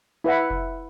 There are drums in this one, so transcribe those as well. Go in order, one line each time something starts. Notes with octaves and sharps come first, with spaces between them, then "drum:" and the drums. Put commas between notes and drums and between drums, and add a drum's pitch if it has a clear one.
E4 B4 E5 F#5
drum: kick F1